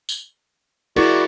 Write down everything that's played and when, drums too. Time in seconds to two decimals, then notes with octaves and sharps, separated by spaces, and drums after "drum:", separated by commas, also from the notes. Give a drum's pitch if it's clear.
0.09 drum: tambourine
0.96 E4 F#4 G#4 A#4 D5, drum: cymbal